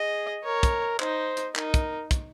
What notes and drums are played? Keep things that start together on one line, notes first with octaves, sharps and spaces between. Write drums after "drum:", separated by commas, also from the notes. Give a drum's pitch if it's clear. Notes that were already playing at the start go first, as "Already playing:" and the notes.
Already playing: G#4 D#5
A#4 C#5
drum: kick, hi-hat
D#4 C5, drum: clap
drum: hi-hat
D#4 A#4, drum: clap
drum: kick, hi-hat
drum: kick, hi-hat